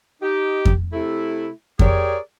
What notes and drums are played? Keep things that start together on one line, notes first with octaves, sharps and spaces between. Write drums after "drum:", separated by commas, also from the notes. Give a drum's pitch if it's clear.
D#4 G4
drum: kick F2
C3 A3 E4
G4 G#4 A#4 C#5 D5, drum: kick F2